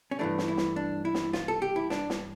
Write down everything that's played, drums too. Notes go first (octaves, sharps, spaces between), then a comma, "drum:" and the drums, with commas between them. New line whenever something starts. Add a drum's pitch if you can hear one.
C#4
G2 E3 A3 D4
drum: snare
E4
drum: snare
D4
E4
drum: snare
F4, drum: snare
A4
G4
E4
D4, drum: snare
drum: snare